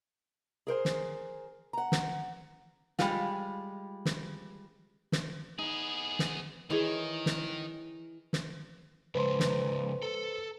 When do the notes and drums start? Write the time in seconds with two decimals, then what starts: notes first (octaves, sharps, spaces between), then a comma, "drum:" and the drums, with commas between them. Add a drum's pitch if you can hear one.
0.67 G#4 A#4 C5 G#5
0.85 drum: snare
1.73 F#5 A#5
1.92 drum: snare
2.99 G3 G#3 F4, drum: snare
4.05 drum: snare
5.12 drum: snare
5.59 B3 D#4 G#4
6.19 drum: snare
6.70 D#3 E3 G#4 C#5 D#5
7.26 drum: snare
8.33 drum: snare
9.15 C#3 F3 G#3 B4 C5 C6
9.40 drum: snare
10.02 A4